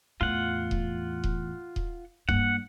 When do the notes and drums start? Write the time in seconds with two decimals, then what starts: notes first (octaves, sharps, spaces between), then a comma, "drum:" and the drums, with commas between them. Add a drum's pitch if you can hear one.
0.21 E2 A2 F4 F#5
0.71 drum: kick D#1
1.24 drum: kick D#1
1.76 drum: kick D#1
2.29 G2 A#3 F#5, drum: kick D#1